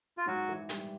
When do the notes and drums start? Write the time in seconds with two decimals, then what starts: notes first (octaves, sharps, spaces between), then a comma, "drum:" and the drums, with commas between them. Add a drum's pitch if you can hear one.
0.18 F4
0.26 G#2 F#3 F#4
0.48 E3
0.69 G3, drum: hi-hat